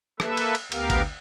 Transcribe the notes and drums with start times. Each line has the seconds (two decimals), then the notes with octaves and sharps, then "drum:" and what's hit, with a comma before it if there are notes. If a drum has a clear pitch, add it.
0.20 A#3 A4 B4 E5, drum: rim click
0.37 drum: cymbal
0.55 drum: cymbal
0.72 D2 B3 G4 A#4 F5, drum: cymbal
0.90 drum: kick G#1, cymbal